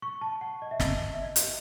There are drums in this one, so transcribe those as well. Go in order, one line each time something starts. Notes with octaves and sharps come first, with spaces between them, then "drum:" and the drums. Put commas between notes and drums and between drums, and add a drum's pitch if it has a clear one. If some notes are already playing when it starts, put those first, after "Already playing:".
C#6
A5
F#5
D#5
E5
D#5, drum: snare
E5
D#5
drum: hi-hat